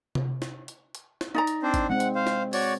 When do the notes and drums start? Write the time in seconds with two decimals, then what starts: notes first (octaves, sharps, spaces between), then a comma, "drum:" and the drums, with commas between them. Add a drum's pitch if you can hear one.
0.15 drum: tom C3
0.42 drum: snare
0.68 drum: hi-hat
0.95 drum: hi-hat
1.21 drum: snare
1.34 D#4 D5 A#5
1.47 drum: hi-hat
1.63 C4 D4 C5
1.74 drum: kick G#1, hi-hat
1.90 G#3 C4 F#5
2.00 drum: hi-hat
2.15 C5 F5
2.27 drum: snare
2.53 F#4 C#5 D5, drum: open hi-hat